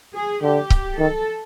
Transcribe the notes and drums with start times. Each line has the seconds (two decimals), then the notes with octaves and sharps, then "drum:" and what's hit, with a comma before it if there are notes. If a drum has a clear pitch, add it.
0.14 G#4
0.42 D3 G4
0.70 drum: kick C#1
0.98 D#3 A4